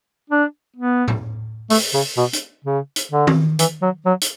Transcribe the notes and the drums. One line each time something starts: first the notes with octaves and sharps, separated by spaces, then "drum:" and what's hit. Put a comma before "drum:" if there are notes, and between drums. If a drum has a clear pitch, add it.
D4
B3
drum: tom A2
A3, drum: open hi-hat
C#3
B2
drum: hi-hat
C#3
drum: hi-hat
D3
drum: tom D#3
E3, drum: hi-hat
F#3
F#3
drum: hi-hat